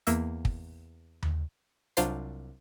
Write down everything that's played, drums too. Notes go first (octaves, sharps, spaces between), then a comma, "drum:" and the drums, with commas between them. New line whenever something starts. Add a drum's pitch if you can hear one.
E2 A#3 E5, drum: hi-hat
drum: kick
drum: tom D#2
C2 F#3 D4 F4 C5 C7, drum: hi-hat